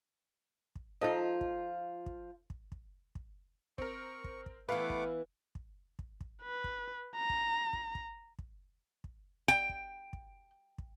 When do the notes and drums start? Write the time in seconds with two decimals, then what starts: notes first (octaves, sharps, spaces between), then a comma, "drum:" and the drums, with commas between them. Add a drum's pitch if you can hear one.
0.75 drum: kick
1.01 F3 D#4 F4 A4 D#5
1.41 drum: kick
2.06 drum: kick
2.50 drum: kick
2.72 drum: kick
3.15 drum: kick
3.78 C4 A#4 C#6, drum: kick
4.24 drum: kick
4.46 drum: kick
4.69 E3 A3 B3 B4 F5 F#5 D6
4.90 drum: kick
5.55 drum: kick
5.99 drum: kick
6.21 drum: kick
6.42 B4
6.64 drum: kick
7.16 A#5
7.30 drum: kick
7.73 drum: kick
7.95 drum: kick
8.39 drum: kick
9.04 drum: kick
9.48 G5, drum: kick
9.69 drum: kick
10.13 drum: kick
10.78 drum: kick